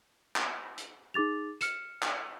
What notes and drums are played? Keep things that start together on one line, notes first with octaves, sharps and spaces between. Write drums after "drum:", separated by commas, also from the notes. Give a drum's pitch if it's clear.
drum: clap
drum: hi-hat
D#4 G#4 D6 A6 F7
F6 C#7 E7, drum: hi-hat
drum: clap